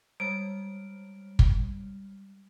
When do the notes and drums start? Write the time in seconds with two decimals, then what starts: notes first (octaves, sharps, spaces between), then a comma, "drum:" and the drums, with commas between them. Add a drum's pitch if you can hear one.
0.20 G3 G#3 F6 D7
1.39 drum: kick